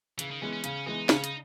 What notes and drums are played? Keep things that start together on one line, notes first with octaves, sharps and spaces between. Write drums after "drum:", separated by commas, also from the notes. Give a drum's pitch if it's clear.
C#3 E3, drum: hi-hat
D#3
E3 G#3 B3 C#4
C#4
C#3 C#4, drum: hi-hat
E3 G#3 B3 D#4
C#3 C#4, drum: snare
D#4, drum: hi-hat